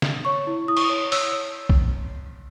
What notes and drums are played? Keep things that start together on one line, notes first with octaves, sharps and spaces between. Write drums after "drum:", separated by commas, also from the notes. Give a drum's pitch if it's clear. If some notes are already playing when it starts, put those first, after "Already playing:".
drum: snare
C#5 C#6
E4
E4 D#6
C#6, drum: cymbal
D#6
C#5
C#5 E6, drum: open hi-hat
C#5
drum: kick B1